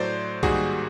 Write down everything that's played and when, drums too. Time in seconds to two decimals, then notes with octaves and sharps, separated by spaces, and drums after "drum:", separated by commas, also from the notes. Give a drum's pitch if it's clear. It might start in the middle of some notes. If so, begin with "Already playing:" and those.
Already playing: A2 F#3 A3 C5 D5
0.43 G#2 D#3 G3 A#3 F#4 G#4, drum: kick B1